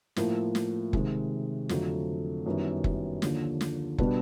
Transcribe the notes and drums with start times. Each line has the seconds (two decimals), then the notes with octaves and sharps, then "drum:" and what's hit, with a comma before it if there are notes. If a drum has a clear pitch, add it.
0.16 A2 F3 A#3, drum: snare
0.55 drum: snare
0.93 C3 D#3 G#3, drum: kick
1.69 F2 D3 F#3 A3 C4, drum: snare
2.46 F#2 D#3 G3 B3 E4
2.84 drum: kick
3.22 D#2 D3 F3, drum: snare
3.61 drum: snare
3.98 B2 G3 B3 D4, drum: kick